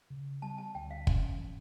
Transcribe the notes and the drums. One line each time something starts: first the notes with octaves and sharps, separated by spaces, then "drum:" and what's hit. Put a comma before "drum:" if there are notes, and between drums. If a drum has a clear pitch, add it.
C#3
G3 A5
A5
D2 G5
F5
C#4, drum: kick
E3